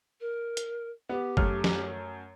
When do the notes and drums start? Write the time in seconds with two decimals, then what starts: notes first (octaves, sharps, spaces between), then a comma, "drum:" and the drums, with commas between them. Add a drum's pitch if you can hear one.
0.20 A#4
0.57 drum: hi-hat
1.09 B3 G4
1.37 F#2 A3 F6, drum: kick G1
1.64 drum: snare